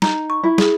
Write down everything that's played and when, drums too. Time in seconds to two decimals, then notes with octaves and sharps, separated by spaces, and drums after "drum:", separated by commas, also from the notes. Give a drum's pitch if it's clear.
0.02 D#4 A#5, drum: snare
0.30 C#6
0.43 E4
0.58 G#4, drum: snare